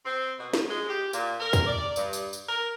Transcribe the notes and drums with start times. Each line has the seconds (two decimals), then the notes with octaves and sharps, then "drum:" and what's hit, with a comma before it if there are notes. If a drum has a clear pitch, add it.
0.05 C4
0.38 B2
0.53 drum: snare
0.69 G#3
0.89 G4
1.13 A#2, drum: tambourine
1.40 A#4
1.53 drum: kick, tambourine
1.67 D5
1.96 G2, drum: tambourine
2.13 drum: tambourine
2.33 drum: tambourine
2.48 A#4